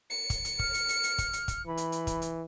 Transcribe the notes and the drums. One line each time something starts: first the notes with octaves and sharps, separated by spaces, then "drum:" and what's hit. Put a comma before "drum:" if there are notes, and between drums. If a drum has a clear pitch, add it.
C#7
drum: kick, hi-hat
drum: hi-hat
F6, drum: kick
drum: hi-hat
drum: hi-hat
drum: hi-hat
drum: kick, hi-hat
drum: hi-hat
drum: kick, hi-hat
E3 B5
drum: hi-hat
drum: hi-hat
drum: kick, hi-hat
drum: hi-hat